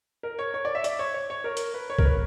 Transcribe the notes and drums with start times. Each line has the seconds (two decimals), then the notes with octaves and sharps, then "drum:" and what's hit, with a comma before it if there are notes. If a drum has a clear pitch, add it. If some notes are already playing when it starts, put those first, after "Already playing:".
0.23 A#4
0.39 C#5
0.54 C#5
0.65 D5
0.75 E5
0.84 D5, drum: hi-hat
0.99 C#5
1.14 C#5
1.30 C#5
1.44 A#4
1.57 drum: hi-hat
1.74 B4
1.90 C#5
1.99 A#4, drum: kick
2.05 B4